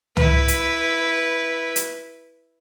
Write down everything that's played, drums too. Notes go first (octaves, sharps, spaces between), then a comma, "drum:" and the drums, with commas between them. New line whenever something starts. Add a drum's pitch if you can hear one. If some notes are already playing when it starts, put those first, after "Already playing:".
E4 B4, drum: tom C#2
drum: hi-hat
drum: hi-hat